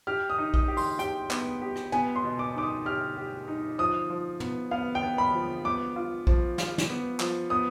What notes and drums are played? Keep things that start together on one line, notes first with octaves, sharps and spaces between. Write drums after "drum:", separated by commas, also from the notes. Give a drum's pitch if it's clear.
G4 F6
D#6
D#4
D#6, drum: kick A#1
G4
C6, drum: open hi-hat
G4 G5, drum: hi-hat
B3, drum: clap
G4
drum: rim click
B3 G#5, drum: tom
C6
B2
D6
D#4 D6
D#6
G4 F6
G4
D#4
F3 D#6
F3
B3, drum: tom
B3 F5
G5
B3
B5
F3
B3 D6
F4
F3, drum: kick A#1
F4, drum: snare
drum: snare
B3
F3, drum: clap
B3 D#6